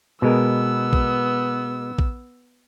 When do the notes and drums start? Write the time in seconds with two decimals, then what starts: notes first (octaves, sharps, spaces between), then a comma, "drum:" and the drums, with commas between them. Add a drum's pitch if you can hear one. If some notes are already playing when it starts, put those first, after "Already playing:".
0.22 B2 G#3 B3 A#4 E6
0.93 drum: kick A#1
1.99 drum: kick A#1